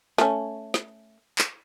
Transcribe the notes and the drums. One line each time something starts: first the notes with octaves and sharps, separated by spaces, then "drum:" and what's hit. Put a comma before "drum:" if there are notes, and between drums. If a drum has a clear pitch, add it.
A3 C#4, drum: snare
drum: snare
drum: clap